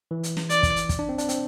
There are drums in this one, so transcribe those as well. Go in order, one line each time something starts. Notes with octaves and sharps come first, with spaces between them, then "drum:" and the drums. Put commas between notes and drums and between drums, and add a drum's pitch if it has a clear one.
E3
drum: hi-hat
drum: snare
D5, drum: hi-hat
drum: kick, hi-hat
drum: hi-hat
drum: kick, hi-hat
D4
C4
D4, drum: hi-hat
C4, drum: hi-hat